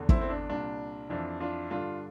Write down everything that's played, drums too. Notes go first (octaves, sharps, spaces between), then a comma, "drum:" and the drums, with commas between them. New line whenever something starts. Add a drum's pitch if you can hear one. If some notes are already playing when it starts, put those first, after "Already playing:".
Already playing: E2 D3
C4 E4, drum: kick
C4
D4
C2 A#2 D4
F2 E3 D4
D4 F4
G2 D3 D4 F4